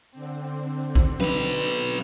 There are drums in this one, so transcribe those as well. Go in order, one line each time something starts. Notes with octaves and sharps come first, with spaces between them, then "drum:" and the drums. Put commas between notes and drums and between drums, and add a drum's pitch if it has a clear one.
D3 C4
drum: kick
F#3 B4, drum: tom F#3